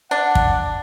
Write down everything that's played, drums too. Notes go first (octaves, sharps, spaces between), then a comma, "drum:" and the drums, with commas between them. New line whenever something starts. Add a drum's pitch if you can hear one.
D4 F#5
drum: kick